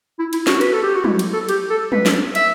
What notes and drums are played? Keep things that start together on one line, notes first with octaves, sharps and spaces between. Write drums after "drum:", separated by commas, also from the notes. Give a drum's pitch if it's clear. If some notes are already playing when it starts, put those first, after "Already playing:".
E4
E4, drum: cymbal
F#4, drum: snare
B4, drum: cymbal
A4
G4
F#4
E4, drum: tom
drum: cymbal
A4
G4, drum: cymbal
A4
B4, drum: tom
drum: snare
E5, drum: cymbal